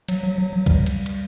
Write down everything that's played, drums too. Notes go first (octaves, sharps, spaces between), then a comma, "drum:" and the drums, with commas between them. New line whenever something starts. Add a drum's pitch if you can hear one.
F#3, drum: cymbal
F#3
F#3
F#3
G3, drum: kick, cymbal
drum: cymbal
drum: cymbal